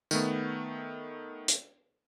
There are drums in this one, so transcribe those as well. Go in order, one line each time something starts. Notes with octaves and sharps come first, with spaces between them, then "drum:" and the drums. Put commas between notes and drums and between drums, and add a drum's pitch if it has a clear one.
D#3 A3 B3, drum: tambourine
drum: hi-hat